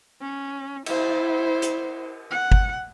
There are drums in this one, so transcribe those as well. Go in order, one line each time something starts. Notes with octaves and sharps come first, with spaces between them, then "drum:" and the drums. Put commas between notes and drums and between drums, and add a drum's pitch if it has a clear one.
C#4
E4 C5, drum: cymbal
drum: hi-hat
F#5
drum: kick G1